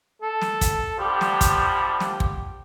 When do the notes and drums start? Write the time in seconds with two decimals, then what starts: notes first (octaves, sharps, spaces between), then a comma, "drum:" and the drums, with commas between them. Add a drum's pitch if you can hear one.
0.22 A4
0.41 drum: snare
0.61 drum: kick, hi-hat
0.99 D3 F3 G3 G4
1.21 drum: snare
1.41 drum: kick, hi-hat
1.87 G4
2.00 drum: snare
2.20 drum: kick